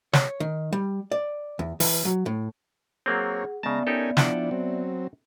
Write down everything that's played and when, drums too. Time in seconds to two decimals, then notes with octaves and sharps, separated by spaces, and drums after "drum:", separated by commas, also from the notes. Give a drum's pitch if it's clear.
0.13 C#5, drum: snare
0.40 D#3
0.73 G3
1.11 D5
1.59 E2
1.80 E3, drum: open hi-hat
2.05 F#3
2.26 A2
3.06 F#3 A#3 C4 G#4 C#5 F#5
3.63 C#3 G#3 B3 D5 E5 A5 A#5
3.87 C#4 D#4 G4 A4 A#4 G#5
4.17 F3 D4 E4 F#5 G5 A5, drum: snare
4.51 F#3 C4